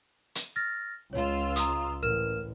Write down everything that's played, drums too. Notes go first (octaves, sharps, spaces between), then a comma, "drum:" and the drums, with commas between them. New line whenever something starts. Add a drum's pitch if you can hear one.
drum: hi-hat
F6 A6 A#6
C#2 F4 C#5 E6
A#5 D#6, drum: hi-hat
A1 A#4 F6 E7